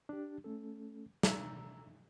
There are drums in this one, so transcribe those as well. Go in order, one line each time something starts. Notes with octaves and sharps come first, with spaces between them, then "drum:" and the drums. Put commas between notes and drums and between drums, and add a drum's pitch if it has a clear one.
D4 G4
A3 C#4 A4
A#5 E6, drum: snare